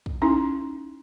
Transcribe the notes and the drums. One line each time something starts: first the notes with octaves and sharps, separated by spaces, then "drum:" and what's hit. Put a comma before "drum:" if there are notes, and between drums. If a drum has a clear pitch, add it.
drum: kick
C#4 D#4 E4